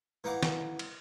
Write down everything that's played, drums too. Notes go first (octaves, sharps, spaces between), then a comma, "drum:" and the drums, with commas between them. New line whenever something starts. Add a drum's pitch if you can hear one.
E3 D#4 F5 F#5 D6
drum: snare
drum: cymbal